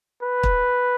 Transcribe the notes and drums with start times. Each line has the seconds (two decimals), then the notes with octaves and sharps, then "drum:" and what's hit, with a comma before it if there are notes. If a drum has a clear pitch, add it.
0.23 B4
0.43 drum: kick